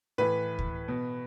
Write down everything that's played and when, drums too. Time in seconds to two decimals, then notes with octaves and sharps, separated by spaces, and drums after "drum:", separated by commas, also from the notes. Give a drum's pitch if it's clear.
0.18 A2 E3 B4
0.59 drum: kick D2
0.88 B2